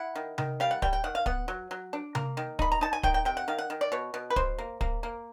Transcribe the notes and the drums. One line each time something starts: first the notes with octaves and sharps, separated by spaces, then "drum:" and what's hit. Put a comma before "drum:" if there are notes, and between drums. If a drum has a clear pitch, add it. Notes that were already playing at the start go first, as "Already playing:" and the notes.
Already playing: E4 F#5
D#3
D#3, drum: tom C3
G3 F5
F#5
G3 G5, drum: kick
G5
D#3 F#5
F5
B3 F#5, drum: kick
F#3
F#3
D4
A#3, drum: tom C3
D#3
D#4 B5, drum: kick
A#5
D#4 A5
G#5
D#3 G5, drum: kick
G5
C3 G5
F#5
D#3 F5
F#5
D#3
D5
B2 C#5
B2
B4
B2 C5, drum: kick
A#3
A#3, drum: kick
A#3